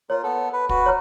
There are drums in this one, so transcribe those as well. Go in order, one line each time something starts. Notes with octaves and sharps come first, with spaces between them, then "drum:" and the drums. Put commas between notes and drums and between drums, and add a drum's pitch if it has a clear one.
A#3 F4 C#5
B3 A4
B4
F#4 B4, drum: kick
C#5 A#5 F6